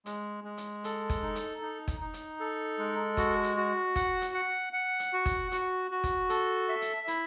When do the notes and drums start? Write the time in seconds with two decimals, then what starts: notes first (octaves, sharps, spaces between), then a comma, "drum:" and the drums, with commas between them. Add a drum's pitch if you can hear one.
0.06 G#3, drum: hi-hat
0.44 G#3
0.58 drum: hi-hat
0.84 A4, drum: hi-hat
1.10 drum: kick, hi-hat
1.22 D#4
1.36 drum: hi-hat
1.62 D#4
1.88 drum: kick, hi-hat
2.01 D#4
2.14 drum: hi-hat
2.40 A4
2.78 G#3
3.17 F#4, drum: kick, hi-hat
3.44 drum: hi-hat
3.57 F#4
3.96 F#5, drum: kick, hi-hat
4.22 drum: hi-hat
4.34 F#5
4.73 F#5
5.00 drum: hi-hat
5.13 F#4
5.26 drum: kick, hi-hat
5.52 F#4, drum: hi-hat
5.91 F#4
6.04 drum: kick, hi-hat
6.30 A4, drum: hi-hat
6.69 E5
6.82 drum: hi-hat
7.08 E4, drum: hi-hat